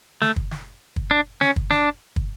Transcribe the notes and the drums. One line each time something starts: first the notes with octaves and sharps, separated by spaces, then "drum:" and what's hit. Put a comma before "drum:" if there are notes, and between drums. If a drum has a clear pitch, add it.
A3, drum: snare
drum: kick
drum: snare
drum: kick
D4
C#4, drum: snare
drum: kick
D4, drum: snare
drum: kick